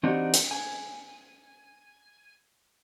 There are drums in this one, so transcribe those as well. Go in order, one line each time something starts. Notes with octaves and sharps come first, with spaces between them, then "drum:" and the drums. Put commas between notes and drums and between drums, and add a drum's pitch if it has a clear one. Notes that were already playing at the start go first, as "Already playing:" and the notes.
E3 C4 D4 D#4 F#4 G4
drum: hi-hat
G#5